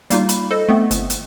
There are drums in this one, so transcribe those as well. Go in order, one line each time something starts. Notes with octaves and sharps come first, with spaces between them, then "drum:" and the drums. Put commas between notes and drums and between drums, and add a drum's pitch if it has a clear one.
G3 A#3 D#4 F4, drum: hi-hat
B5, drum: hi-hat
A4 C5 D#5
A3 B3 C4
G1, drum: hi-hat
drum: hi-hat